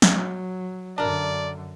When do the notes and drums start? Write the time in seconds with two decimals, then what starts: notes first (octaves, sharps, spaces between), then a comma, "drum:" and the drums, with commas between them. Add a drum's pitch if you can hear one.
0.02 drum: snare
0.14 F#3
0.98 F#2 D3 D4 A#4 D5